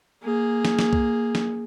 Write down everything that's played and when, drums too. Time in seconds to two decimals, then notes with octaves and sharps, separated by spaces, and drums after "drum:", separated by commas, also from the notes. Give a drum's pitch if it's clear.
0.23 A#3 G#4
0.65 drum: snare
0.79 drum: snare
0.93 drum: kick B1
1.35 drum: snare